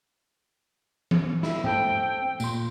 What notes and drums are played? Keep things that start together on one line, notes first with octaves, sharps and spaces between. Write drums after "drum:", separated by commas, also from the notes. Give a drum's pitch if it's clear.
drum: tom E3
E4, drum: snare
C4 A4 G5, drum: tom G#2
A#2 C6, drum: tambourine